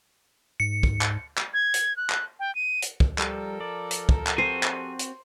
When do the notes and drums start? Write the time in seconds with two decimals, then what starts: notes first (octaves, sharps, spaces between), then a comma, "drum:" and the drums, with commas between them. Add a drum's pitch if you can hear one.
0.60 G#2 C#7
0.83 drum: kick
1.01 drum: clap
1.38 drum: clap
1.54 G#6
1.74 drum: hi-hat
1.97 F#6
2.10 drum: clap
2.40 G5
2.55 D#7
2.82 drum: hi-hat
3.00 drum: kick
3.18 F3 G3 A4 A#4, drum: clap
3.61 D5
3.91 drum: hi-hat
4.09 drum: kick
4.27 drum: clap
4.38 C4 F#4 G4 C5 G#5
4.63 drum: clap
4.99 drum: hi-hat